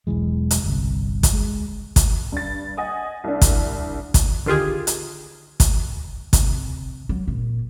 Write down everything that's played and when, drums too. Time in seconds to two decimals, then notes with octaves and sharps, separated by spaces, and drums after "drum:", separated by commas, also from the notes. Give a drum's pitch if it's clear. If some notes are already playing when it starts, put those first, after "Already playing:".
0.07 E1 B1 E3 G#3
0.51 drum: hi-hat
0.64 G1 C2
1.23 drum: kick, hi-hat
1.34 G#3
1.96 drum: kick, hi-hat
2.32 G2 A6
2.77 D#5 F#5 G#5 D#6
3.24 C2 D4
3.41 drum: kick, hi-hat
4.14 drum: kick, hi-hat
4.46 D3 D#3 F4 G4 G#4
4.87 drum: hi-hat
5.60 drum: kick, hi-hat
6.33 C3, drum: kick, hi-hat
7.09 F#3
7.28 A#2